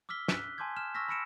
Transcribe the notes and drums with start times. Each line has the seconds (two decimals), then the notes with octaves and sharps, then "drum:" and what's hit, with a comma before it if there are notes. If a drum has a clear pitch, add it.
0.09 D6 E6 F6 B6 G7
0.28 F#6 B6, drum: snare
0.58 G#5 A5 C6 D6 G6 G#6
0.77 F6 E7
0.95 C#6 E6 F6 A#6 B6
1.09 B5 E6 A#6 C#7 D7 E7